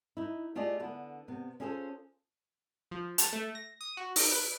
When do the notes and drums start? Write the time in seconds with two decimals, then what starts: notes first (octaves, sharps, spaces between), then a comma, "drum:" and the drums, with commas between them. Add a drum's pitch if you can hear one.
0.17 D#4 E4
0.56 A3 F4 G4 G#4 D5 D#5
0.80 D3 B3
1.28 C3 B3
1.60 C#4 F4 G#4 A4 C5
2.91 F3
3.18 A5, drum: hi-hat
3.33 A3
3.55 A#6
3.81 D#6
3.97 F#4
4.16 D#4, drum: open hi-hat
4.32 B4